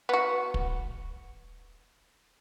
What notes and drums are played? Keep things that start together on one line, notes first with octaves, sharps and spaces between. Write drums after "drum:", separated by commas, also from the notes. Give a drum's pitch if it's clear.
B3 F#4
drum: kick